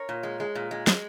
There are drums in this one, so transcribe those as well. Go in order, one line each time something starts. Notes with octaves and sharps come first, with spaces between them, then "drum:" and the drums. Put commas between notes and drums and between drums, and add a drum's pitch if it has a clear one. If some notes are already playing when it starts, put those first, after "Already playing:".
Already playing: A#4 C#5
A#2
G#3
G#3
A#2
G#3
G#3, drum: snare